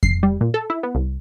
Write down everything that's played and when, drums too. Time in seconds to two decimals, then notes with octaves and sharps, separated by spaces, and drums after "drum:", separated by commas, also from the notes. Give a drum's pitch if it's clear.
0.03 C7, drum: kick F2
0.23 G3
0.41 A#2
0.54 A4
0.70 E4
0.83 B3
0.95 C2